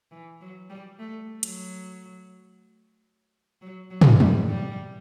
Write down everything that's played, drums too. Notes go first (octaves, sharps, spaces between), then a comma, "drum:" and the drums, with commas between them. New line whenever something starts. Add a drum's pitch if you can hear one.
E3
F#3
G3
A3
F#3, drum: hi-hat
F#3
F#3
drum: tom
G3, drum: tom
G3